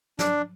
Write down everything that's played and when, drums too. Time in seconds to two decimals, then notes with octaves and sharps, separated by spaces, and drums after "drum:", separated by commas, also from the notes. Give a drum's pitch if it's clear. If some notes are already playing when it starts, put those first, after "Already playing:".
0.19 D4, drum: snare